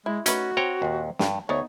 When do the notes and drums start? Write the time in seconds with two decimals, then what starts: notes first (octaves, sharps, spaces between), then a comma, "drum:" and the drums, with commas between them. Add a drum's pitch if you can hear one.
0.06 G#3 E4
0.26 A3 C#4 D#4 F#4 B4, drum: hi-hat
0.57 C4 C#5 G5 A#5
0.82 D#2 A#2
1.19 G2, drum: snare
1.49 D2 B3 D#4 C#5